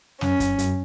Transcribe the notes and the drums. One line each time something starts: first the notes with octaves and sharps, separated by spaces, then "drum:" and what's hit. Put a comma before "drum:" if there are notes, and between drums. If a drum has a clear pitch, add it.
F#2 C#4, drum: snare
drum: kick, hi-hat
F#2, drum: hi-hat